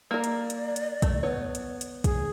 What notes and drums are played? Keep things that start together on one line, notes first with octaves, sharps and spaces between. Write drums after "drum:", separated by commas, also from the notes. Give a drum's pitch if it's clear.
A#3 A#4 D5
drum: hi-hat
drum: hi-hat
drum: hi-hat
A3, drum: kick, hi-hat
B3 C#5
drum: hi-hat
drum: hi-hat
G#4, drum: kick, hi-hat